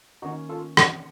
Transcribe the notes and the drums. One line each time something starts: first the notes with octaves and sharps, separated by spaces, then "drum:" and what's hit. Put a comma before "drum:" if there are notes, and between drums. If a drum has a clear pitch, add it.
D#3 A#3 C#4 D#4 F#4
F4 A4
D#4 F#4, drum: rim click